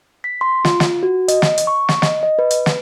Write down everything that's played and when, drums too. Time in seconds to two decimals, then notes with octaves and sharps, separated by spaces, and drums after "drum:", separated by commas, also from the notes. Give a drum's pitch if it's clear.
0.24 B6
0.41 C6
0.65 F4, drum: snare
0.80 drum: snare
1.03 F#4
1.28 D#5, drum: hi-hat
1.42 drum: snare
1.58 drum: hi-hat
1.67 C#6
1.89 drum: snare
2.02 D#5, drum: snare
2.23 D#5
2.39 B4
2.51 drum: hi-hat
2.66 drum: snare